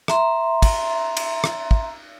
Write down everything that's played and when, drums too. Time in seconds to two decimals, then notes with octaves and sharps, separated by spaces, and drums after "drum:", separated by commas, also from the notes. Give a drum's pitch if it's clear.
0.08 E5 A#5 C6, drum: rim click
0.62 drum: kick, cymbal
1.17 drum: cymbal
1.44 drum: rim click
1.71 drum: kick